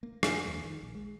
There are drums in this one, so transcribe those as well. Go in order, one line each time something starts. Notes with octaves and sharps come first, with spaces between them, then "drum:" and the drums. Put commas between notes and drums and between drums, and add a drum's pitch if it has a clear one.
A#3
F2, drum: rim click
D#2
D#3
A#1
G#3